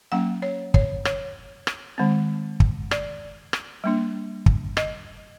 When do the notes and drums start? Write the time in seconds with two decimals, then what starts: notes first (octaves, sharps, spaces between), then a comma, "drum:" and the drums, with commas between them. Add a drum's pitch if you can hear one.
0.12 F#3 A#3 C#4 F#5
0.42 C#5
0.74 C#5, drum: kick
1.05 C#5, drum: rim click
1.67 drum: rim click
1.98 D#3 G#3 C4
2.60 drum: kick
2.91 D5, drum: rim click
3.53 drum: rim click
3.84 G3 A#3 D4
4.46 drum: kick
4.77 D#5, drum: rim click